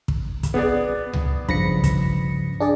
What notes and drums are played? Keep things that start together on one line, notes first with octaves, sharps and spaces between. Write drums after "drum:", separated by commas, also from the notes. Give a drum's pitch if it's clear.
drum: kick
drum: kick, hi-hat
B3 G#4 D5
drum: tom C#2
G2 C#3 F3 B5 A#6 C#7, drum: kick
drum: kick, hi-hat
D4 G#4 D5